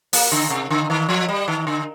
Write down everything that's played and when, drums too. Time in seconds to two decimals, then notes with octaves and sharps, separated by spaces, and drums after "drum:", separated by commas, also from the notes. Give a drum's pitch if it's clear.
0.13 A#3, drum: open hi-hat
0.32 D3
0.50 C3
0.70 D3
0.90 D#3
1.09 F3
1.28 G3
1.48 D#3
1.67 D3